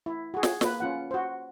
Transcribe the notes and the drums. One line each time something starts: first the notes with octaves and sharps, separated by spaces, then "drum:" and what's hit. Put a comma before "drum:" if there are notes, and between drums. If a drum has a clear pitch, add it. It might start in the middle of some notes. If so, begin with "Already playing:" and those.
E4
F#4 G#4
drum: snare
A#3 B4, drum: snare
C#4 F4 F#5
F#4 C5